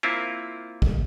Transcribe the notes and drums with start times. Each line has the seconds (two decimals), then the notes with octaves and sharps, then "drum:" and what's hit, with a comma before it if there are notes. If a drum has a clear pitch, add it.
0.03 A#3 C4 E4 F4
0.82 drum: kick